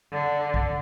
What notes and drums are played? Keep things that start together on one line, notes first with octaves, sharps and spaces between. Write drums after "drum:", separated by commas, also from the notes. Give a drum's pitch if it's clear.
D3
drum: kick